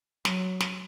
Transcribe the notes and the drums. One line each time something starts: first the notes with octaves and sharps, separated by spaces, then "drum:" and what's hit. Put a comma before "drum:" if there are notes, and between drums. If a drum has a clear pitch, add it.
F#3, drum: snare
drum: snare